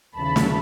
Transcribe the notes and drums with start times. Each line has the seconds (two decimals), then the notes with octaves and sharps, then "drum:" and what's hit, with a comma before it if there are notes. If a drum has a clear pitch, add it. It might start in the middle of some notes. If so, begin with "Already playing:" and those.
0.16 D#2 C#3 E3 A5 B5
0.36 drum: snare